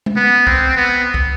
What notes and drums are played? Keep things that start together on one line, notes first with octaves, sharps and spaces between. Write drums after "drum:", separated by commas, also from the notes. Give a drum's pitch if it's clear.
drum: tom G#3
B3
C4, drum: kick
B3
drum: kick